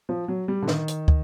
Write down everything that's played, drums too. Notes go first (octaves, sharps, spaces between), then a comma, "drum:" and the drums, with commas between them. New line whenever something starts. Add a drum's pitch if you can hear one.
F3
F#3
G3
D3
D#3, drum: snare
drum: hi-hat
drum: kick